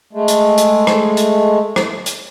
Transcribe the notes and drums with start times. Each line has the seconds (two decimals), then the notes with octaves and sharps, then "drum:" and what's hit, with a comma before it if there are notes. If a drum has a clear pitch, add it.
0.13 G#3 A3
0.28 drum: hi-hat
0.58 drum: hi-hat
0.87 drum: rim click
1.17 drum: hi-hat
1.76 drum: rim click
2.06 drum: hi-hat